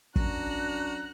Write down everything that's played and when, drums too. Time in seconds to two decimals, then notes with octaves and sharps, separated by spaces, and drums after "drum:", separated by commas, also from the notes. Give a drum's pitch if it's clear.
0.16 F#2 D4 F#4 A#5 F#6, drum: kick